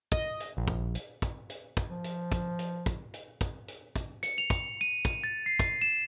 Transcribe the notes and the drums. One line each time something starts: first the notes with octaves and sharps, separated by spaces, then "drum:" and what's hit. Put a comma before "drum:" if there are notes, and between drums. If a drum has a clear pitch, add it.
D#5, drum: kick
drum: hi-hat
A#1
drum: kick
drum: hi-hat
drum: kick, hi-hat
drum: hi-hat
drum: kick, hi-hat
F3
drum: hi-hat
drum: kick, hi-hat
drum: hi-hat
drum: kick, hi-hat
drum: hi-hat
drum: kick, hi-hat
drum: hi-hat
drum: kick, hi-hat
C#7, drum: hi-hat
F7
drum: kick, hi-hat
D#7
drum: kick, hi-hat
A6
C7
drum: kick, hi-hat
E7